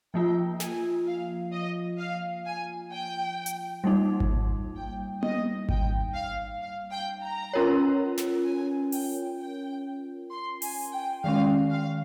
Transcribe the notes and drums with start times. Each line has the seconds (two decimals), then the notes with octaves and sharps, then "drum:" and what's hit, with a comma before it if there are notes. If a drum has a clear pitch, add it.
0.14 F3 A#3 F4 G5
0.60 G#5, drum: snare
1.07 F5
1.52 D#5
1.99 F5
2.45 G#5
2.92 G5
3.46 drum: hi-hat
3.84 G3 A#3 D#4
4.20 drum: kick G#1
4.76 G5
5.23 D#5, drum: tom A#3
5.69 G5, drum: kick G#1
6.14 F5
6.62 F5
6.92 G5
7.23 A#5
7.53 C#4 F4 A#4 C#5
8.18 drum: snare
8.46 G#5
8.92 G5, drum: open hi-hat
9.40 G5
10.31 C6
10.62 G#5, drum: open hi-hat
10.93 G5
11.24 D#3 G#3 C#4 F5
11.70 F5